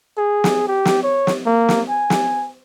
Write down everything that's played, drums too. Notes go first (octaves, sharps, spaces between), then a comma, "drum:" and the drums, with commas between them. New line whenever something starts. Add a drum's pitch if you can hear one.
G#4
drum: snare
G4
drum: snare
C#5
drum: snare
A#3
drum: snare
G#5
drum: snare